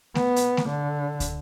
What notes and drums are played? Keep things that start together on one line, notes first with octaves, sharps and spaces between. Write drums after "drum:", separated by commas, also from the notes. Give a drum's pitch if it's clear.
B3, drum: snare A3
drum: hi-hat
drum: snare A3
D3
drum: kick, hi-hat